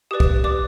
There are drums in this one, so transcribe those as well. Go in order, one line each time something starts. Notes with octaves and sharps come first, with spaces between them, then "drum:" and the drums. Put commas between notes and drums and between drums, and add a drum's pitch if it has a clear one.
G4 B4 D5 D#6
drum: kick
G4 B4 D5 D6